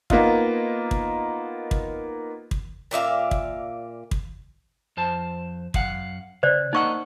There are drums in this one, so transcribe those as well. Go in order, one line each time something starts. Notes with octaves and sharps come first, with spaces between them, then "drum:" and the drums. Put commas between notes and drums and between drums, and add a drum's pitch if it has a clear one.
A#3 B3 D#4 F4, drum: kick
drum: kick
drum: kick
drum: kick
A#2 D5 E5 F5
drum: kick
drum: kick
F2 C5 A5
F#2 F5 F#5, drum: kick
C#3 C5 D5
A#3 D#4 D#5 F#5 C#6 E6